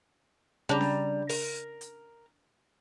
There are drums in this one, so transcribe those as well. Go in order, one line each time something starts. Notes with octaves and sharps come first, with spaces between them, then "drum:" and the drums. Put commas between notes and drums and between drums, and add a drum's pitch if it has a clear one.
C#3 G3 D4 A#5
drum: snare C#4
A#4, drum: open hi-hat
drum: hi-hat